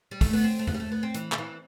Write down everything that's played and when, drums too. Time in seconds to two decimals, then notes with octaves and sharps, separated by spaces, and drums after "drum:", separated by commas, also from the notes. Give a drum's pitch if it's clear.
0.11 G3
0.21 A3, drum: kick, open hi-hat
0.33 B3
0.44 C4
0.59 A3
0.67 B3, drum: tom F2
0.74 G3
0.80 A3
0.92 B3
1.03 C4
1.14 E3, drum: hi-hat
1.32 D3, drum: clap
1.38 E3